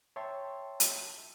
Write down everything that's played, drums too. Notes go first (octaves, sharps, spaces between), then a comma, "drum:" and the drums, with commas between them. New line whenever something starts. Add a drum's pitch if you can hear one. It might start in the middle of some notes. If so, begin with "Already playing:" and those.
C#5 E5 G5 A5 C6
drum: hi-hat